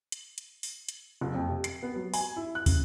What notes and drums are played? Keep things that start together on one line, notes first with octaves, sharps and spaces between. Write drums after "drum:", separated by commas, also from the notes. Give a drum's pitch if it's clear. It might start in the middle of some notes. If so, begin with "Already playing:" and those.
drum: hi-hat
drum: hi-hat
drum: open hi-hat
drum: hi-hat
F#1
F2
C3
C7, drum: hi-hat
B3
F#3
G#5, drum: open hi-hat
E4
F#6
C#3, drum: kick, open hi-hat